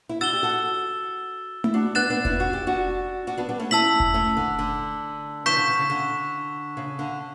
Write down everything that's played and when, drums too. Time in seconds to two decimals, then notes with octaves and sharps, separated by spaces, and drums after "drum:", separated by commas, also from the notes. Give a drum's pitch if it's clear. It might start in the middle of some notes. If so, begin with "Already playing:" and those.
0.09 E4
0.21 D4 F#4 E6 A6 E7 G7
0.33 G4
0.43 F#4 A4
1.64 E4, drum: tom A3
1.74 D4 F#4
1.95 B3 D4 F#6 A6 E7
2.10 B3 D4
2.25 C#4 E4, drum: kick F1
2.40 F#4
2.53 G4
2.67 D4 F#4
3.27 D4 F#4
3.38 B3 D4
3.49 G3 B3
3.59 A3 C#4
3.71 C#4 E4 A5 E6 B6 F#7
4.00 drum: kick F1
4.14 A3 C#4
4.37 D3
4.59 D3
5.46 C#3 E3 C#6 G6 B6 E7
5.57 D3
5.68 D3
5.79 C#3
5.90 D3
6.77 C#3
6.99 D3